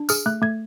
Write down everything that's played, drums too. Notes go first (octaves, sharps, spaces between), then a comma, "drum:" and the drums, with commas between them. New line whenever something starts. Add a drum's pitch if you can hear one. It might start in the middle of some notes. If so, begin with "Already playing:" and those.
Already playing: D4
G#4 F6, drum: tambourine
A3 F#6
A3 G#6